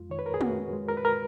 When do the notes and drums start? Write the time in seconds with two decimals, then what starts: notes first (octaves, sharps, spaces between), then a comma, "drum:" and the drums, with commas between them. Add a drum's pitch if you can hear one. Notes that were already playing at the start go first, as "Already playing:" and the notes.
Already playing: F2 G#3 F4
0.10 D#3 C#5
0.19 B4
0.26 A#4
0.34 G#4
0.41 C#4 F#4, drum: tom
0.73 G#3
0.89 A#4
0.97 B4
1.05 A#4